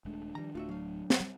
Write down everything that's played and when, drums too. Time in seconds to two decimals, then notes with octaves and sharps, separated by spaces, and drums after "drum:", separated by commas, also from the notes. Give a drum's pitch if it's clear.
0.05 D#1 G#3 A3 D4
0.35 D#3 F3 G3 A#5
0.55 D1 A3 F4 F#4 E5
0.69 F#3 F5
1.10 drum: snare
1.20 G3 C4